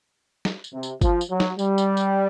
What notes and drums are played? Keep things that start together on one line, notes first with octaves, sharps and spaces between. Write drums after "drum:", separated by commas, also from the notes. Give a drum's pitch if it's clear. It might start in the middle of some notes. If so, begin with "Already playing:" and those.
drum: snare
drum: tambourine
C3
drum: tambourine
F3, drum: kick G1, tambourine
drum: tambourine
F#3
drum: snare
G3, drum: tambourine
drum: tambourine
drum: tambourine